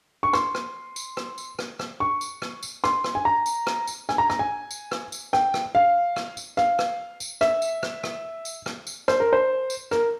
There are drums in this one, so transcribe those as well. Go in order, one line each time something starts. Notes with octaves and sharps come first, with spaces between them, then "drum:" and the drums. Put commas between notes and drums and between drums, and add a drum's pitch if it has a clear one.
C#6
C6, drum: rim click
drum: rim click
drum: tambourine
drum: rim click
drum: tambourine
drum: rim click
drum: rim click
C#6
drum: tambourine
drum: rim click
drum: tambourine
C6, drum: rim click
drum: rim click
G#5
A#5
drum: tambourine
drum: rim click
drum: tambourine
G#5, drum: rim click
A#5
A#5, drum: rim click
G#5
drum: tambourine
drum: rim click
drum: tambourine
G5, drum: rim click
drum: rim click
F5
drum: rim click
drum: tambourine
F5, drum: rim click
drum: rim click
drum: tambourine
E5, drum: rim click
drum: tambourine
drum: rim click
drum: rim click
drum: tambourine
drum: rim click
drum: tambourine
C5, drum: rim click
A#4
C5
drum: tambourine
A#4, drum: rim click